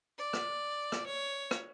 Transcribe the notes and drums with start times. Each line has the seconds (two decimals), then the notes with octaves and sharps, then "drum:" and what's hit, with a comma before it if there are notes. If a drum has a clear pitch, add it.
0.18 D5
0.33 drum: rim click
0.92 drum: rim click
1.06 C#5
1.51 drum: rim click